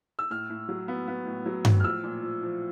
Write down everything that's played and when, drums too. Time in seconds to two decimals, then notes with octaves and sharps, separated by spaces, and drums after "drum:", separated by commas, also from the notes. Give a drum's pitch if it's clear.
0.19 E6
0.30 A2 F6
0.50 A2
0.69 F#3
0.88 B3
1.08 B3
1.26 A2
1.46 F#3
1.65 A2, drum: tom G2
1.80 F6
1.84 F3 E6
2.04 A#2
2.22 F3
2.42 F3